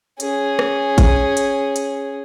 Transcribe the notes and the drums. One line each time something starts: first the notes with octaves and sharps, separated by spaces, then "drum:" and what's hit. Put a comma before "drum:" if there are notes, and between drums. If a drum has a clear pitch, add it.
C#4 G#4, drum: hi-hat
drum: rim click
drum: kick G#1, hi-hat
drum: hi-hat
drum: hi-hat